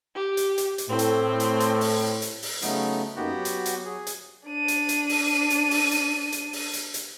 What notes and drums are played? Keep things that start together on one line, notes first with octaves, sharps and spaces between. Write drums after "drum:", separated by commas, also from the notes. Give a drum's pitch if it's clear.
G4
drum: hi-hat
drum: hi-hat
drum: hi-hat
A2 C4
drum: hi-hat
drum: hi-hat
drum: hi-hat
drum: open hi-hat
drum: hi-hat
drum: open hi-hat
C#3 F#3 A3 B3 D#4, drum: hi-hat
F#2 A#3 B3 D#4 F#4 G4
F#3
drum: hi-hat
drum: hi-hat
G#4
drum: hi-hat
D4 D#7
drum: hi-hat
drum: hi-hat
drum: open hi-hat
drum: hi-hat
drum: open hi-hat
drum: hi-hat
drum: hi-hat
drum: open hi-hat
drum: hi-hat
drum: hi-hat